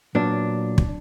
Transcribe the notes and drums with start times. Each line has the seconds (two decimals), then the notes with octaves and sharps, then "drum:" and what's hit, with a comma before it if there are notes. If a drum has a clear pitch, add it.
0.15 A#2 F#3 B3 D4
0.78 drum: kick